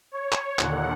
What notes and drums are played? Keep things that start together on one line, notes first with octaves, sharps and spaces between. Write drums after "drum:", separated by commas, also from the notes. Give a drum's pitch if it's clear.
C#5
drum: clap
D#2 A#2 D3 F#5, drum: clap